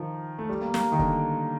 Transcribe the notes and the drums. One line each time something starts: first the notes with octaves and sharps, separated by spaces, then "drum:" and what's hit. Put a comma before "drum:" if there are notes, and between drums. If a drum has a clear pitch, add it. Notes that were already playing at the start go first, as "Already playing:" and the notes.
Already playing: D#3 F3
A3
G3
A#3
A#3, drum: snare
D#3
D3, drum: kick